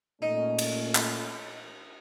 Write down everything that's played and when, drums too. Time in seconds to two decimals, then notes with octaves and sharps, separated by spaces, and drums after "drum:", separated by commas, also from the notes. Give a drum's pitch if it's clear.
0.22 A#2 A3 C#4 D#4
0.59 drum: cymbal
0.95 drum: clap